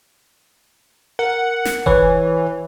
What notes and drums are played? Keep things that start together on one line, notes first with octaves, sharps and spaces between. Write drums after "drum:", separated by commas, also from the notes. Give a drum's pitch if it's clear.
A#4 F#5
drum: snare
E3 B4 C#5, drum: kick F1